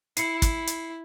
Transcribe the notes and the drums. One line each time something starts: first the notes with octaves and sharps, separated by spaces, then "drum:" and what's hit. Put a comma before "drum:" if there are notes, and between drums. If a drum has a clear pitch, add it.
E4 C7 C#7, drum: hi-hat
drum: kick, hi-hat
drum: hi-hat